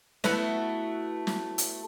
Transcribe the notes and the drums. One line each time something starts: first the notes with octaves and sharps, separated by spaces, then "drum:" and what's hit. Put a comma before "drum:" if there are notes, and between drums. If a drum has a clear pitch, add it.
A3 B3 E4 F#4, drum: snare
drum: snare
drum: hi-hat